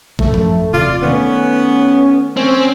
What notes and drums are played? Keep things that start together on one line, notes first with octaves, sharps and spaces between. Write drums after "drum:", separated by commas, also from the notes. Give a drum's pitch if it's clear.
A1 F#2 A2 A3, drum: kick A1
drum: tom F3
D#1 C3 F4 D5
D#3 A3 B3 C#4
C4 C#4